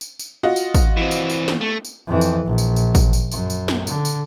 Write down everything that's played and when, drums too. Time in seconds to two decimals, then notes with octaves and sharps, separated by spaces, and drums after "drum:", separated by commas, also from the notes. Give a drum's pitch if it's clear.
0.01 drum: tambourine
0.19 drum: tambourine
0.43 F4 F#4 D#5
0.56 drum: tambourine
0.74 drum: kick, tambourine
0.97 E3 C4
1.11 drum: tambourine
1.30 drum: tambourine
1.48 drum: snare
1.61 A3
1.85 drum: tambourine
2.07 F2 E3
2.21 drum: tambourine
2.46 A#1
2.58 drum: tambourine
2.76 drum: tambourine
2.95 drum: kick, tambourine
3.13 drum: tambourine
3.31 F#2, drum: tambourine
3.50 drum: tambourine
3.68 drum: snare
3.87 D3, drum: tambourine
4.05 drum: tambourine